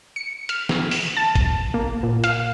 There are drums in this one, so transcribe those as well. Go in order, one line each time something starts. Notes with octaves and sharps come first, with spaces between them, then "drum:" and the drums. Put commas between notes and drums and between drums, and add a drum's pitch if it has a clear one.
C#7
F6, drum: hi-hat
drum: snare
drum: open hi-hat
A5
drum: kick A1, hi-hat
A#3
A#2
F5, drum: hi-hat